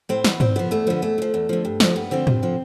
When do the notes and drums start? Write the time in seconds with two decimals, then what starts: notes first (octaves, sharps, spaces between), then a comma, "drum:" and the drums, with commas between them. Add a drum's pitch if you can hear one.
0.09 A2 C4
0.24 E3 B3, drum: snare
0.40 E2 C4, drum: tom
0.56 D3 F3 B3
0.71 E2 A3
0.87 D3 F3 B3
1.02 E2 A3
1.18 D3
1.22 F3
1.34 E2
1.49 D3 F3
1.65 G2
1.80 D3 F3, drum: snare
1.96 G2 B3
2.11 D3 F3 C4
2.27 G2, drum: tom
2.43 D3 F3